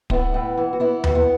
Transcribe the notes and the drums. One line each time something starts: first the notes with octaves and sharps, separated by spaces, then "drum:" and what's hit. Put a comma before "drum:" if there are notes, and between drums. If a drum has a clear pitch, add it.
A2 B3 E4, drum: kick D1
A2
E3
F#4
E3 B3 E4
A2 F#4, drum: tom D#2
B3 E4